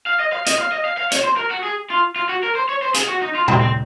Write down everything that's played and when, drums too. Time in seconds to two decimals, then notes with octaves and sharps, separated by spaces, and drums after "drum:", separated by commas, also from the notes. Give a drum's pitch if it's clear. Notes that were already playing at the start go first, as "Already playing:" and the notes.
0.06 F5
0.19 D#5
0.32 F5
0.46 D#5, drum: hi-hat
0.59 F5
0.72 D#5
0.85 F5
0.98 F5
1.12 C#5, drum: hi-hat
1.24 C5
1.37 A#4
1.51 F#4
1.64 G#4
1.90 F4
2.16 F4
2.29 F#4
2.43 A#4
2.55 C5
2.69 C#5
2.82 C5
2.94 G#4, drum: hi-hat
3.08 F#4
3.22 D#4
3.35 F4
3.48 C4, drum: tom
3.61 C4